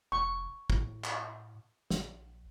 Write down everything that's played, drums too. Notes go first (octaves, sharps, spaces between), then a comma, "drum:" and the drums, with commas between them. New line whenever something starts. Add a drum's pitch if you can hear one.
F1 C#6
A2, drum: kick
drum: clap
A#1, drum: snare